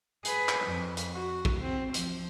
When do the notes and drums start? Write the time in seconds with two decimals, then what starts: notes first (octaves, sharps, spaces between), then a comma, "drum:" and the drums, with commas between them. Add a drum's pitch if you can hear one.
0.25 G#4 B4, drum: hi-hat
0.49 drum: clap
0.65 F2
0.97 drum: hi-hat
1.14 F#4
1.45 drum: kick
1.61 C4
1.94 F3, drum: hi-hat